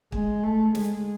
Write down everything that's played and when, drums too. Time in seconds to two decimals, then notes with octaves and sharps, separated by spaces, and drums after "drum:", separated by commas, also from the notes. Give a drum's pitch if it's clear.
0.12 G#3, drum: kick
0.43 A3
0.75 G#3, drum: snare